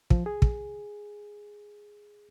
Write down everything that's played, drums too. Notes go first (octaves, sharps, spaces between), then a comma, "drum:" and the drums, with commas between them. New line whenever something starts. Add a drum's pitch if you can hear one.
F3, drum: kick
G#4
drum: kick